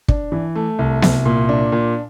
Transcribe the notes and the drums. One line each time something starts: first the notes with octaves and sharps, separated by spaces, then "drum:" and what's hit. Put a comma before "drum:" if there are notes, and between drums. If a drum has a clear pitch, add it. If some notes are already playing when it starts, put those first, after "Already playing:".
D4, drum: kick
E3
A3
C2
C2, drum: snare B3
A#2
D4
A#2